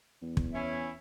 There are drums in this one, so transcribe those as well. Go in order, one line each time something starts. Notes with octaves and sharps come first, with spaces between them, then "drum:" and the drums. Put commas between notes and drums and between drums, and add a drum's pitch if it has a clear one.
E2
drum: kick
C#4 E4